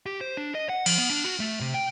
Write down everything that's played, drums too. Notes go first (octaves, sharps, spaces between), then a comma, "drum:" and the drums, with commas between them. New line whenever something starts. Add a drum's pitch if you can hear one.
G4
C5
D4
D#5
F#5
F3, drum: cymbal
B3
D4
F#4
A3
C3
G5